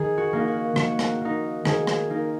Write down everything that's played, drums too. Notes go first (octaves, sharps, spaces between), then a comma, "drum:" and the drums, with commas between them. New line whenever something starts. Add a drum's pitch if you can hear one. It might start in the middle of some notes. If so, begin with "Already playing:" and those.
Already playing: D#3 G#4
F#4
A#3 D#4
F#4
D#3 F#4, drum: rim click
drum: rim click
A#3 D#4
D#3 G#4, drum: rim click
drum: rim click
A#3 D#4